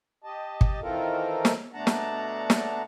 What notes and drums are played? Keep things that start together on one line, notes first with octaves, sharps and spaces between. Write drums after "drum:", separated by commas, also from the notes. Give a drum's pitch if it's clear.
G4 D#5 A5
drum: kick
D#3 E3 C4 F4 A4 A#4
drum: snare
B2 A3 D4 F#5 A5 A#5
drum: snare
drum: snare